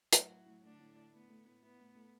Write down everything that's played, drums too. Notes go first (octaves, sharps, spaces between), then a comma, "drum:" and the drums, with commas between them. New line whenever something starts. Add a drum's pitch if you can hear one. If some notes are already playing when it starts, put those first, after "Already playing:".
A2 F#3 F#4, drum: hi-hat
E4
A2
D3 A3 D4
A2
E4
A2 B3
A3
A2
B3 E4
A2
A3